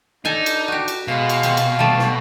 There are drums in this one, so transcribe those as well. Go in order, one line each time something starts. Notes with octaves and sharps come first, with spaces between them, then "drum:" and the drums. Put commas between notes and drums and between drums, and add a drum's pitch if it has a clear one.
D4 D#4 A4 G#5
drum: cymbal
F#4 G4
drum: cymbal
B2 G#3 F5
drum: cymbal
C4, drum: cymbal
drum: cymbal
G3 A3 A5
drum: snare